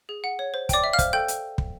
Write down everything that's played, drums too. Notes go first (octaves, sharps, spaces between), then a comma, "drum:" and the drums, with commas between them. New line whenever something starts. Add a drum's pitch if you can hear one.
G#4
F#5
C#5
C5
D5 G5 D6, drum: kick, hi-hat
E5
F5 F6
C5, drum: kick, hi-hat
A4 G5 G6
drum: hi-hat
drum: kick